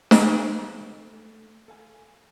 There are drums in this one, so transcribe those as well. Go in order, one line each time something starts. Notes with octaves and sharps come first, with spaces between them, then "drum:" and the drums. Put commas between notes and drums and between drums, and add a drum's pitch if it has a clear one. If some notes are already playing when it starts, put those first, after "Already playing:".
drum: snare
A3
A4 F5 G#5